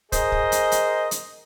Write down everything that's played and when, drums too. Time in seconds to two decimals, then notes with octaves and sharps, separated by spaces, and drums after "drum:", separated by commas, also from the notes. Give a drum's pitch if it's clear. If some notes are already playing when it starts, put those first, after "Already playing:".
0.12 G#4 A#4 C5 D#5, drum: kick, hi-hat
0.32 drum: kick
0.52 drum: hi-hat
0.72 drum: hi-hat
1.11 drum: hi-hat